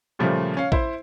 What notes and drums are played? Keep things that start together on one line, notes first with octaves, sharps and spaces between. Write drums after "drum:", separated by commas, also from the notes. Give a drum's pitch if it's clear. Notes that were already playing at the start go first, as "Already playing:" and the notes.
A#2 C#3 F3 G3 A3
C#4 F5
E4 C5, drum: kick A#1